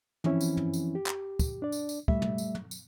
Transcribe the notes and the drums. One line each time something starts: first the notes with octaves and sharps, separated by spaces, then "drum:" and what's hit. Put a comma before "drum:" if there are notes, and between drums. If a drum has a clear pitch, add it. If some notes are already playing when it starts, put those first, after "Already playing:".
E3 F3 C4 C#4 E4, drum: tom
drum: tambourine
drum: tom
drum: tambourine
G4
drum: clap
drum: kick, tambourine
D4 D5
drum: tambourine
drum: tambourine
G3 A3 E5, drum: kick
drum: tom
drum: tambourine
drum: tom
drum: tambourine